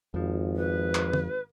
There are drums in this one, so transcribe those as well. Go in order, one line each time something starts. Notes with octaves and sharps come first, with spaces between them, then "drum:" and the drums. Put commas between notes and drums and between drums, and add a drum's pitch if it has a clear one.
G#1 F2 F3
B4
drum: clap
drum: tom